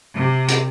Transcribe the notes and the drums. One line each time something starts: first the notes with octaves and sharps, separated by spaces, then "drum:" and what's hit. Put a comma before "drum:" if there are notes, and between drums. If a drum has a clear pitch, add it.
C3
drum: hi-hat